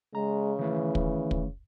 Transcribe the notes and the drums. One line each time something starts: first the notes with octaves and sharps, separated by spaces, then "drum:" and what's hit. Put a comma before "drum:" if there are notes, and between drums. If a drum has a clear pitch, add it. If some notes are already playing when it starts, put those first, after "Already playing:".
C#3 G#3 A#5
D#3 E3 A3 C#4
drum: kick
drum: kick